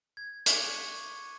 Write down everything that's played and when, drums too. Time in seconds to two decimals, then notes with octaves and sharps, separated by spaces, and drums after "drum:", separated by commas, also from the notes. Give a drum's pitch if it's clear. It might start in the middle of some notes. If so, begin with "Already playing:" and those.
0.17 G#6
0.46 C#6 D6 F#6 G#6 C#7 D#7, drum: hi-hat